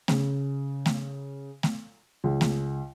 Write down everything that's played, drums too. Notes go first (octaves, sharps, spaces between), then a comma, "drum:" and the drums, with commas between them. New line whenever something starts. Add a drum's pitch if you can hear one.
C#3, drum: snare A3
drum: snare A3
drum: snare A3
C#2
drum: snare A3